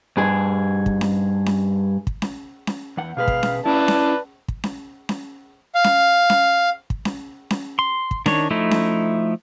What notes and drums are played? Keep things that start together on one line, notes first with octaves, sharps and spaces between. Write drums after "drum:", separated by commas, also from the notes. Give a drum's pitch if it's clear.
G2 G#4
drum: kick
drum: snare C#4
drum: snare C#4
drum: kick
drum: snare C#4
drum: snare C#4
E2 F#5
B2 G#4 B4 F5
drum: kick
drum: snare C#4
C#4 E4 B4 D5 A5
drum: snare C#4
drum: kick
drum: snare C#4
drum: snare C#4
F5
drum: snare C#4
drum: snare C#4
drum: kick
drum: snare C#4
drum: snare C#4
C6
drum: kick
D#3 D4 C#5, drum: snare C#4
F3 A3 D#4 E4
drum: snare C#4